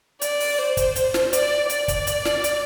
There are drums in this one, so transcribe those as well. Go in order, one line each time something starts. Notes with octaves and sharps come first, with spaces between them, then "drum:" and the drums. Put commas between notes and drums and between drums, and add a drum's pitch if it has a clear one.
D5, drum: hi-hat
drum: open hi-hat
C5
drum: kick, hi-hat
drum: hi-hat
drum: snare
D5, drum: hi-hat
D5, drum: hi-hat
drum: kick, hi-hat
drum: hi-hat
drum: snare
drum: hi-hat